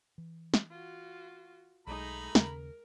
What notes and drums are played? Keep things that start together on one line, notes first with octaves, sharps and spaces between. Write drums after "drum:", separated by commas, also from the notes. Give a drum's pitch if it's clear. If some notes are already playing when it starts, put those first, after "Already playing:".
E3
drum: snare
F4 F#4
B1 G#3 A3 D#4 A#5 B5
D#2 C#3 A#4, drum: snare